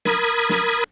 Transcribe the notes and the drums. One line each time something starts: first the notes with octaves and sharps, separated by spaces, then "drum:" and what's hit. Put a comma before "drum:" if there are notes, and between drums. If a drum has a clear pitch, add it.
A#4 B5 D#6 G#6, drum: snare
drum: snare